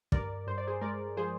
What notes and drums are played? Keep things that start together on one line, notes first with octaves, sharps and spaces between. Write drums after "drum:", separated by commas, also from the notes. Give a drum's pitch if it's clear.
G2 A#4 D5, drum: kick
G2 C5
D5
G#4 C5
G#3 A#4 D5
F3 G#4 C5